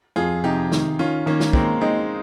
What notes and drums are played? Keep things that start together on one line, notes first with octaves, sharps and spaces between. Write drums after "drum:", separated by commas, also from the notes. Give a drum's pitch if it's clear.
F2 F4 G#4
C3 D#4 G4
D#3, drum: snare
D#3 C#4 F4
D#3 A#3 C#4
drum: snare
G#3 A#3 C4, drum: kick
G#3 C4 D#4